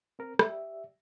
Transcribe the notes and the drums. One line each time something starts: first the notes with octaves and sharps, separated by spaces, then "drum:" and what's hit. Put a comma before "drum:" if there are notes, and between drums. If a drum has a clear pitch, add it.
C4 A#4
G4 D5 E5, drum: rim click